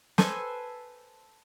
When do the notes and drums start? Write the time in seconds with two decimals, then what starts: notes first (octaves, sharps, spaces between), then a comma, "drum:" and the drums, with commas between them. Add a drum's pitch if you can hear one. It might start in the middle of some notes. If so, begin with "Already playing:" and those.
0.18 A4 B4 C5 G#5, drum: snare